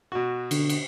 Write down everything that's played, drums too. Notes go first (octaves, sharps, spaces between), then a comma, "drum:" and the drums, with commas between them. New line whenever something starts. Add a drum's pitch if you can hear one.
B2 F#4
D3, drum: cymbal
drum: cymbal